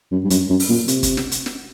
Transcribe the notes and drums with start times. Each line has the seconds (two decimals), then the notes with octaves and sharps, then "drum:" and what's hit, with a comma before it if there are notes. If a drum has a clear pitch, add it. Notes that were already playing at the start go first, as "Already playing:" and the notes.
0.12 F#2
0.24 G2
0.30 F#2, drum: hi-hat
0.50 F#2
0.60 drum: open hi-hat
0.69 A#2
0.88 C3, drum: hi-hat
1.03 drum: kick, hi-hat
1.17 drum: snare
1.32 drum: hi-hat
1.46 drum: snare